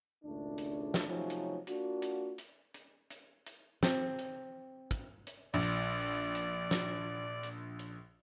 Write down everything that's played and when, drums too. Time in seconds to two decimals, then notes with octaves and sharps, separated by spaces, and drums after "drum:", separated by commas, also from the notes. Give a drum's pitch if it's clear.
0.24 G#1 C#2 A3 D4
0.58 drum: hi-hat
0.94 drum: snare
1.08 C3 F3 F#3 A3 C#4 D#4
1.30 drum: hi-hat
1.67 A#3 D4 F4 F#4, drum: hi-hat
2.02 drum: hi-hat
2.38 drum: hi-hat
2.74 drum: hi-hat
3.11 drum: hi-hat
3.47 drum: hi-hat
3.83 C4, drum: snare
4.19 drum: hi-hat
4.91 drum: kick, hi-hat
5.27 drum: hi-hat
5.54 A#1 D5
5.63 drum: hi-hat
5.99 drum: open hi-hat
6.35 drum: hi-hat
6.71 drum: snare
7.43 drum: hi-hat
7.79 drum: hi-hat